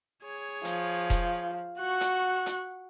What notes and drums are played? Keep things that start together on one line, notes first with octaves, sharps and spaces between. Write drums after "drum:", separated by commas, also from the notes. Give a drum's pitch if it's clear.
G#4 C#5
F3, drum: hi-hat
drum: kick E1, hi-hat
F#4 C#6 F#6
drum: hi-hat
drum: hi-hat